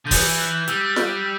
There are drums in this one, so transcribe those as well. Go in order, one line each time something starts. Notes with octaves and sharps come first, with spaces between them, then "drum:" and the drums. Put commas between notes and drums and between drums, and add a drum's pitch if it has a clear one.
D3 G6
E3 A6, drum: kick, open hi-hat
F#6
G3 E6, drum: hi-hat
E6
drum: snare